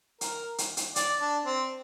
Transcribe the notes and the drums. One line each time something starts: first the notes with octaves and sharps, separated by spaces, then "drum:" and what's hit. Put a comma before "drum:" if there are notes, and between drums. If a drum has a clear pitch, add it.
A#4, drum: hi-hat
drum: hi-hat
drum: hi-hat
D5, drum: hi-hat
D4
C4